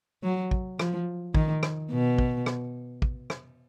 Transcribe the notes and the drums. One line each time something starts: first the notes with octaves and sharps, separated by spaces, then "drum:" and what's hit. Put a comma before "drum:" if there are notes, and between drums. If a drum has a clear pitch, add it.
F#3
drum: kick
F3, drum: rim click
D#3, drum: kick
drum: rim click
B2
drum: kick
drum: rim click
drum: kick
drum: rim click